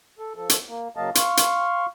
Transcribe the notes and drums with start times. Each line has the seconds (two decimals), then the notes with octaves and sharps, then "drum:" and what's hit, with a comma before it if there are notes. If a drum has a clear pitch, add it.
0.19 A4
0.36 F3 A4
0.49 drum: hi-hat
0.68 A#3
0.97 C#3 F#3 A#3 D#5 F5 A5
1.15 F5 C6 C#6 F6, drum: hi-hat
1.37 drum: hi-hat